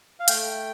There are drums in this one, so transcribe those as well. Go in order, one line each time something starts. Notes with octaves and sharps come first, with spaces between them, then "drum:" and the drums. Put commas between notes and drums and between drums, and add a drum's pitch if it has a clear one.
F5
A3 G5, drum: hi-hat